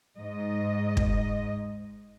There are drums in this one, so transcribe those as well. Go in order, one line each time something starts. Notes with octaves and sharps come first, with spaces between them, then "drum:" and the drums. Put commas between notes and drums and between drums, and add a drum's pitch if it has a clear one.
G#2 D#5
drum: kick